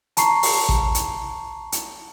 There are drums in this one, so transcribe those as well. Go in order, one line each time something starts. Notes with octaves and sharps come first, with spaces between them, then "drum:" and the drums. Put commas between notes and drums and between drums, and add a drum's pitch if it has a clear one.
A5 A#5 C#6 C7, drum: hi-hat
drum: open hi-hat
drum: kick A1
drum: hi-hat
drum: hi-hat